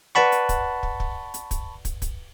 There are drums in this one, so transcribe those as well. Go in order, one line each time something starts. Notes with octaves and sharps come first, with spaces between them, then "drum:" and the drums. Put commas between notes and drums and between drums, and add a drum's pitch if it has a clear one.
B4 D5 F#5 A5 B5 C#6
drum: hi-hat
drum: kick, hi-hat
drum: kick
drum: kick
drum: hi-hat
drum: kick, hi-hat
drum: kick, hi-hat
drum: kick, hi-hat